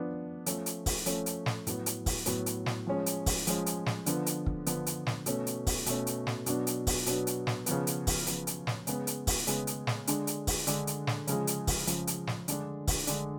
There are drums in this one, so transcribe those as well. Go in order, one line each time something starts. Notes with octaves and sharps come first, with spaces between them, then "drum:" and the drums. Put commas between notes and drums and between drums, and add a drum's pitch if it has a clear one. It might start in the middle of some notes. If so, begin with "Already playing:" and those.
Already playing: F3 B3 D4
F3 A3 C#4, drum: hi-hat
drum: hi-hat
drum: kick, open hi-hat
F3 A3 C#4, drum: hi-hat
drum: hi-hat
drum: snare
A2 F#3 B3, drum: hi-hat
drum: hi-hat
drum: kick, open hi-hat
A2 F#3 B3, drum: hi-hat
drum: hi-hat
drum: snare
F3 G#3 C#4
drum: hi-hat
drum: kick, open hi-hat
F3 G#3 C#4, drum: hi-hat
drum: hi-hat
drum: snare
D3 F3 B3, drum: hi-hat
drum: hi-hat
drum: kick
D3 F3 B3, drum: hi-hat
drum: hi-hat
drum: snare
B2 A3 C#4, drum: hi-hat
drum: hi-hat
drum: kick, open hi-hat
B2 A3 C#4, drum: hi-hat
drum: hi-hat
drum: snare
B2 F#3 B3 D4, drum: hi-hat
drum: hi-hat
drum: kick, open hi-hat
B2 F#3 B3 D4, drum: hi-hat
drum: hi-hat
drum: snare
C#3 F3 B3, drum: hi-hat
drum: hi-hat
drum: kick, open hi-hat
C#3 F3 B3, drum: hi-hat
drum: hi-hat
drum: snare
C#3 G#3 B3, drum: hi-hat
drum: hi-hat
drum: kick, open hi-hat
C#3 G#3 B3, drum: hi-hat
drum: hi-hat
drum: snare
D3 G#3 D4, drum: hi-hat
drum: hi-hat
drum: kick, open hi-hat
D3 G#3 D4, drum: hi-hat
drum: hi-hat
drum: snare
C#3 F3 G#3, drum: hi-hat
drum: hi-hat
drum: kick, open hi-hat
C#3 F3 G#3, drum: hi-hat
drum: hi-hat
drum: snare
D3 G#3 D4, drum: hi-hat
drum: kick, open hi-hat
D3 G#3 D4, drum: hi-hat